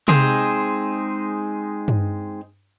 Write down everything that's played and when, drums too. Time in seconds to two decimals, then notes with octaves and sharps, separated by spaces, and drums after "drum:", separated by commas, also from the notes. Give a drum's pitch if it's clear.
0.08 G#3 C4 D#4 G#4 C5, drum: tom C3
1.88 drum: tom G2